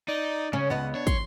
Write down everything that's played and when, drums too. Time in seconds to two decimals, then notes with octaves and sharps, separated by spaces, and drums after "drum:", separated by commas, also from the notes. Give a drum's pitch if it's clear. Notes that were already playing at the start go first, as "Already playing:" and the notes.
0.08 D#4 D5
0.53 C#3 C#4
0.70 C#2 B3 D#5 F#5
0.95 D4 C#5
1.07 C6, drum: kick, hi-hat